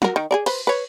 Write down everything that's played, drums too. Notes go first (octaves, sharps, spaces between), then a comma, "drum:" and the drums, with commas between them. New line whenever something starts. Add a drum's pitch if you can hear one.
F#4 A#4, drum: snare
D#3
G#4 A#4 D5
B4 C5, drum: cymbal
B4 C#5